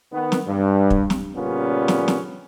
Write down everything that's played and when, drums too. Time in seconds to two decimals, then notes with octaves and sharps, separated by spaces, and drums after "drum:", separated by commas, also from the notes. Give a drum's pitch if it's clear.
0.12 D#3 B3
0.32 drum: snare
0.48 G2
0.90 drum: kick
1.10 drum: snare
1.36 A#2 C#3 G3 B3 C#4 F4
1.88 drum: snare
2.08 drum: snare